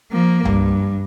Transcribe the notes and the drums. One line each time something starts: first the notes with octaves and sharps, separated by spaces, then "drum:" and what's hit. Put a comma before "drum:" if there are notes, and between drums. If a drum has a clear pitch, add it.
F3 A#3
G2, drum: tom C2